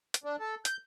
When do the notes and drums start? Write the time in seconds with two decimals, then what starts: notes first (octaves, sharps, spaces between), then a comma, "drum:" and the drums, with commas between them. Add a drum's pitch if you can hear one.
0.14 drum: hi-hat
0.24 D4
0.39 A4
0.65 G6, drum: hi-hat